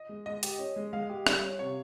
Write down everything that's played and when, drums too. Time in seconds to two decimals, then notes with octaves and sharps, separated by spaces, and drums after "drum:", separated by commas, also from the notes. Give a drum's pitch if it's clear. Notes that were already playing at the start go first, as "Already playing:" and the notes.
Already playing: D#5
0.09 G#3
0.26 G#3 D#5
0.43 G4, drum: hi-hat
0.59 C#4
0.76 G#3
0.93 G#3 F5
1.10 G4
1.27 G3, drum: rim click
1.43 C#4
1.59 C3 C#5